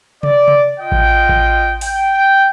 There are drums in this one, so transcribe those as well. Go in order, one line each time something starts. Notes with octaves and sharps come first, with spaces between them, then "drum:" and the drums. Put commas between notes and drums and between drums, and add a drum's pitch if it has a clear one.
D5, drum: tom C3
drum: tom C3
F4 D#5 G5
drum: kick A1
drum: kick A1
G5, drum: open hi-hat